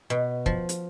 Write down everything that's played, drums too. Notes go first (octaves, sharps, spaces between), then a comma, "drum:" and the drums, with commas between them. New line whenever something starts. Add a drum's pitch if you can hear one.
B2
F3, drum: kick
drum: hi-hat